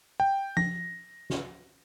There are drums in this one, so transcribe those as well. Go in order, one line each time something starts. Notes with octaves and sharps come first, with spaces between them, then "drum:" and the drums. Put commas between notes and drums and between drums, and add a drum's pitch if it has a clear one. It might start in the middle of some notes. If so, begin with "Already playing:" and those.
G5
A#6, drum: tom F3
drum: snare